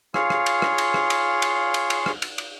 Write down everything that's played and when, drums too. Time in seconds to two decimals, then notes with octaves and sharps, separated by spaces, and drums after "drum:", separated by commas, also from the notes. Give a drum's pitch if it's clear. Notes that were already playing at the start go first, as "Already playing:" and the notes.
0.14 F4 G#4 C#5 F5, drum: rim click
0.30 drum: rim click
0.46 drum: cymbal
0.62 drum: rim click
0.78 drum: cymbal
0.94 drum: rim click
1.10 drum: cymbal
1.42 drum: cymbal
1.74 drum: cymbal
1.90 drum: cymbal
2.06 drum: rim click
2.22 drum: cymbal
2.38 drum: cymbal